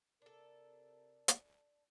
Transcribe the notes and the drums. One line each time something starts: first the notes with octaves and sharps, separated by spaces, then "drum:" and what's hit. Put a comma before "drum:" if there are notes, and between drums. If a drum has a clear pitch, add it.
C3 D4 A4 A#4
drum: hi-hat